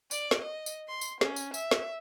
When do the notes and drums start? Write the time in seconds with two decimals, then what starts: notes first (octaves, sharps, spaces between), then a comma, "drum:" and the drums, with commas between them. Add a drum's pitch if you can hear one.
0.11 D5, drum: tambourine
0.31 drum: snare
0.42 D#5
0.66 drum: tambourine
0.88 C6
1.01 drum: tambourine
1.21 C#4, drum: snare
1.36 drum: tambourine
1.54 E5, drum: tambourine
1.71 drum: snare